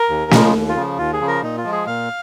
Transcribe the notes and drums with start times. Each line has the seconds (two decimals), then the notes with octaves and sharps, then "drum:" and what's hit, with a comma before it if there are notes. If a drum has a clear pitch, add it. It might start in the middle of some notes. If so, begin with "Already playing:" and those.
Already playing: A#4
0.09 D#2
0.31 C#3 F3 G#3, drum: snare
0.54 D#2
0.69 F4
0.76 C#3 F3
0.98 D#2 F4
1.13 G#4
1.20 C#3 F3
1.28 A#4
1.42 A#2 D#4
1.58 F4
1.64 F3 G#3
1.72 G#4
1.87 A#2 F5